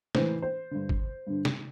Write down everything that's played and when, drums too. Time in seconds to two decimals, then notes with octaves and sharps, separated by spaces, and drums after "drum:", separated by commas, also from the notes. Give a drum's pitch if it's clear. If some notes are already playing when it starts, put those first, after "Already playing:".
0.15 A2 E3 C5, drum: snare
0.42 C5
0.71 G2 D3
0.89 drum: kick G#1
1.27 G2 D3
1.45 drum: snare